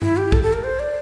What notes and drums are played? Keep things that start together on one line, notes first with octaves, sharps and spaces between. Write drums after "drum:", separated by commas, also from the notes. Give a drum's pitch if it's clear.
E4, drum: tom G2
G4
A4, drum: kick
A4
A#4
C5
D5